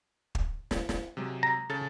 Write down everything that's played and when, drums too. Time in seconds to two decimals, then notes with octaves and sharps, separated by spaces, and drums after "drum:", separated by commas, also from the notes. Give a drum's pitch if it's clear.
0.35 drum: kick
0.71 drum: snare
0.89 drum: snare
1.17 C3 F#3 G#3
1.43 A#5
1.69 C#3 A4 A6